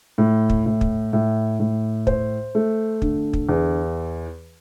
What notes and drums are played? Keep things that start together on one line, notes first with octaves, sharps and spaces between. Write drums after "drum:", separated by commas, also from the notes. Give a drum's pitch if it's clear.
A2
drum: kick
A2
drum: kick
A2
A2
C5, drum: kick
A3
D3, drum: kick
drum: kick
E2